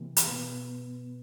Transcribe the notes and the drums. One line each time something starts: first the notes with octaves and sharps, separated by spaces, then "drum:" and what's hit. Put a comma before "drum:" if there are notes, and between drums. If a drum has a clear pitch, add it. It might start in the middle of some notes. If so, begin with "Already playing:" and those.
Already playing: C3 E3 A#3
drum: hi-hat
B2 B3